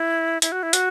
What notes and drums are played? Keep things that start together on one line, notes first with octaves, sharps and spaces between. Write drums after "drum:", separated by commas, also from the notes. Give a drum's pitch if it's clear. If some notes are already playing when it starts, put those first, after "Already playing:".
Already playing: E4
E4, drum: hi-hat
F#4
E4
F#4, drum: hi-hat